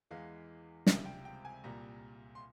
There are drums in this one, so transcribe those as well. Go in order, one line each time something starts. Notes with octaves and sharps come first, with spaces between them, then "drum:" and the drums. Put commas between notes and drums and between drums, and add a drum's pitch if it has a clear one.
E2 E3 G#3 F5
C#2 C3 G3 E5, drum: snare
G5
G5
G#5
C2 A#2 G3 A#5
C6